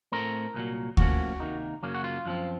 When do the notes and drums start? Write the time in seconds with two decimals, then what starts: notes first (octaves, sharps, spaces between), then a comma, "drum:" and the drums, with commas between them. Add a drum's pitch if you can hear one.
0.12 A2 A3 C4 A#4
0.54 C2 A#2 F#3
0.97 A2 F3 A#3 C#4 F#4, drum: kick D2
1.40 C3 D#3 A#3 D#4
1.83 F#2 C#3 F#3 A#3 C#4
1.94 F#4
2.04 F4
2.26 F#2 F3 C4